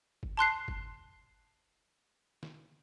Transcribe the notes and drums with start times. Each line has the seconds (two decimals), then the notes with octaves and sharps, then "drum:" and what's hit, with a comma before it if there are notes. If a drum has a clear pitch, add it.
0.23 drum: kick G1
0.37 A5 C6 F#6 C7
0.68 drum: kick G1
2.43 drum: snare